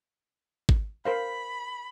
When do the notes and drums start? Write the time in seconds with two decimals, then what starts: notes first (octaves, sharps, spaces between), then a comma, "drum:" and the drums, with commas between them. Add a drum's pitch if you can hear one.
0.69 drum: kick G#1
1.05 A#4 C5 F5 B5